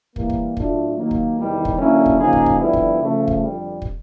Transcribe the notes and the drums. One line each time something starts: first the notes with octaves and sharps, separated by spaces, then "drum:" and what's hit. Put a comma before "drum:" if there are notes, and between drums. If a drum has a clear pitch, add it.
E3 G3 A#3, drum: kick
drum: kick
A2 F#3 A3 D4 F4, drum: kick
D#3 F#3 A#3
drum: kick
E2 C3 D#3 G3
drum: kick
D3 F#3 A#3 C#4 E4
drum: kick
C#3 F3 A#3 D#4 G#4
drum: kick
drum: kick
F2 D3 G3 B3 E4
drum: kick
C#3 F3 A3
drum: kick
F2 D3 G3
drum: kick